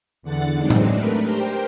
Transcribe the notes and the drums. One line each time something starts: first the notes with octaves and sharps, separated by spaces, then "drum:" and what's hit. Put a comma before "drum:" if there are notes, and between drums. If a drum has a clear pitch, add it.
E2 D3 F#5 A6
E3 F#3 G#3 C4 D4 D#4
drum: tom A2
A3 D4 A#4 B4
G4 A#4 C5 G5